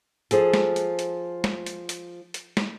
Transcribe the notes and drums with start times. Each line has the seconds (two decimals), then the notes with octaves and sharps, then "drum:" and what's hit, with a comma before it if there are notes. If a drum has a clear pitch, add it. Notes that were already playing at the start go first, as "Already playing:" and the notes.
0.31 F3 G#4 A4, drum: hi-hat
0.54 drum: snare
0.76 drum: hi-hat
0.99 drum: hi-hat
1.44 drum: snare
1.66 drum: hi-hat
1.89 drum: hi-hat
2.34 drum: hi-hat
2.57 drum: snare